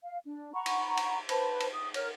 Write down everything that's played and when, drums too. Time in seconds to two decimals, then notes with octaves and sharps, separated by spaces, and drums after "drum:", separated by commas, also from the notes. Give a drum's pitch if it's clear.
0.03 F5
0.25 D4
0.54 F#5 A#5 B5 C#6
0.66 drum: cymbal
0.97 drum: cymbal
1.29 B4 C5 A5 B5, drum: cymbal
1.60 drum: cymbal
1.73 D#6
1.94 A#4 C#5 F6, drum: cymbal